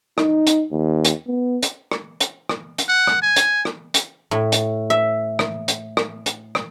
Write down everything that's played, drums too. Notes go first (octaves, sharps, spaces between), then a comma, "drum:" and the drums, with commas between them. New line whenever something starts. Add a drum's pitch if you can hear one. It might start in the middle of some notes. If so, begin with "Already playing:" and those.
D#4, drum: rim click
drum: hi-hat
D#2
drum: hi-hat
B3
drum: hi-hat
drum: rim click
drum: hi-hat
drum: rim click
drum: hi-hat
F#5
drum: rim click
G#5
drum: hi-hat
drum: rim click
drum: hi-hat
A2
drum: hi-hat
E5
drum: rim click
drum: hi-hat
drum: rim click
drum: hi-hat
drum: rim click